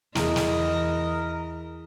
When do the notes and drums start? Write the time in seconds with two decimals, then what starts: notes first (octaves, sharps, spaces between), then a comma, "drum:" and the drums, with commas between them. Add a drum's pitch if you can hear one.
0.15 E2 E3 E4 G#4 A#4 D#5, drum: snare
0.36 drum: snare